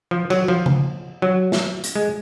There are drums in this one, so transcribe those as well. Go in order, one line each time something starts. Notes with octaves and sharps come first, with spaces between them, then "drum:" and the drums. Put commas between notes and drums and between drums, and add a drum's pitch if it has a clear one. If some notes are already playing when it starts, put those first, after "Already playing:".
F3
F#3, drum: cymbal
F3
drum: tom C#3
F#3
drum: snare
drum: hi-hat
G#3